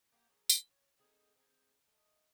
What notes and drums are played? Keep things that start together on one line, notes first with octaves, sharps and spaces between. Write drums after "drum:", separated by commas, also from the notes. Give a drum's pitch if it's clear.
A#3 G4 F#5
F#3 G#4 A#4
drum: tambourine
C#5
C4 D#4 G#4 A4
C4 D#4 G#4
A3 D#5